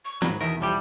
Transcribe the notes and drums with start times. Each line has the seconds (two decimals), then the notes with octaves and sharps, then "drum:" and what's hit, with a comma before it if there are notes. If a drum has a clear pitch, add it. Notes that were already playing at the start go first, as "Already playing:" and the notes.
0.05 C#6
0.22 G#2 D#3 F#3 B5, drum: snare
0.41 E2 B2 D#3 A#4 E5
0.61 B1 F3 G3 G4 A5